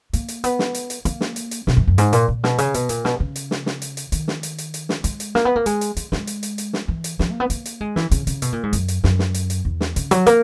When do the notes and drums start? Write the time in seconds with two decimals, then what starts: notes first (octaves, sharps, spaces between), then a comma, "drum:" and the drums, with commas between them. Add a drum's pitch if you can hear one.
0.13 A#3, drum: hi-hat
0.28 drum: hi-hat
0.44 B3, drum: hi-hat
0.59 drum: snare
0.75 drum: hi-hat
0.90 drum: hi-hat
1.05 A#3, drum: hi-hat
1.21 drum: snare
1.36 drum: hi-hat
1.51 drum: hi-hat
1.67 B2, drum: snare
1.77 F#2
1.87 F#2
1.98 G#2, drum: hi-hat
2.13 A#2, drum: hi-hat
2.28 A#2
2.44 B2, drum: snare
2.58 C#3, drum: hi-hat
2.74 B2, drum: hi-hat
2.89 A#2, drum: hi-hat
3.05 B2, drum: snare
3.20 C#3
3.36 drum: hi-hat
3.51 drum: snare
3.66 drum: snare
3.82 drum: hi-hat
3.97 drum: hi-hat
4.12 D#3, drum: hi-hat
4.28 drum: snare
4.43 drum: hi-hat
4.58 drum: hi-hat
4.74 drum: hi-hat
4.89 drum: snare
5.04 G#3, drum: hi-hat
5.20 drum: hi-hat
5.35 A#3, drum: snare
5.45 B3
5.56 A#3
5.66 G#3, drum: hi-hat
5.81 drum: hi-hat
5.97 G#3, drum: hi-hat
6.12 G#3, drum: snare
6.27 drum: hi-hat
6.43 drum: hi-hat
6.58 drum: hi-hat
6.73 drum: snare
6.88 E3
7.04 drum: hi-hat
7.19 E3, drum: snare
7.30 A#3
7.40 B3
7.50 A#3, drum: hi-hat
7.66 drum: hi-hat
7.81 G#3
7.96 E3, drum: snare
8.11 C#3, drum: hi-hat
8.27 C#3, drum: hi-hat
8.42 B2, drum: hi-hat
8.52 A#2
8.63 G#2
8.73 F#2, drum: hi-hat
8.88 drum: hi-hat
9.04 F#2, drum: snare
9.19 drum: snare
9.34 drum: hi-hat
9.50 drum: hi-hat
9.65 E2
9.81 drum: snare
9.96 C#3, drum: hi-hat
10.11 F#3, drum: hi-hat
10.26 A#3, drum: hi-hat